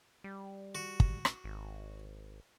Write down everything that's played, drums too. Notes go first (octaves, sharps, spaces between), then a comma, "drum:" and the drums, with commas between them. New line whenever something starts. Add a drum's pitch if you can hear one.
G3
F#4
drum: kick
drum: rim click
G#1